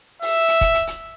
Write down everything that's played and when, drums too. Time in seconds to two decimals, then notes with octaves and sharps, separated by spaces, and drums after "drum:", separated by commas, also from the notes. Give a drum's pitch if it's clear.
0.22 E5, drum: open hi-hat
0.48 drum: hi-hat
0.61 drum: kick, hi-hat
0.74 drum: hi-hat
0.87 drum: hi-hat